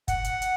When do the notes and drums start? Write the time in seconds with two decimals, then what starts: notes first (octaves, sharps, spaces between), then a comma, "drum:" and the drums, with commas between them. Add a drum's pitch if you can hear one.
0.08 F#5, drum: kick, hi-hat
0.24 drum: hi-hat
0.42 drum: hi-hat